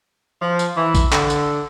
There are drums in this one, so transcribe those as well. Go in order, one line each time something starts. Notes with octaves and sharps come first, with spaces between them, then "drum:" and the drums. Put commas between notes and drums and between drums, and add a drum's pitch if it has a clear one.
F3
drum: tambourine
E3
drum: kick, tambourine
D3, drum: clap
drum: tambourine